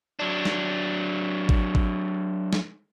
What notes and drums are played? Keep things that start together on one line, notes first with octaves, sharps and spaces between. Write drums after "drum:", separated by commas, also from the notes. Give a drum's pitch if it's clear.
F#3 D4
drum: snare
drum: kick G#1
drum: kick G#1
drum: snare